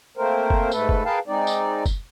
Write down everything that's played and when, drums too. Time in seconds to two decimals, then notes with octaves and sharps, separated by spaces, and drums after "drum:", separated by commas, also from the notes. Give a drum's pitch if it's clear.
0.17 A3 A#3 C4 A#4 C5
0.50 drum: kick
0.71 G#2 A3 A4 B4, drum: tambourine
0.89 drum: kick
1.05 G#4 A#4 B4 F5 G5 A5
1.28 G#3 C4 D#4 D5
1.47 drum: tambourine
1.86 drum: kick, tambourine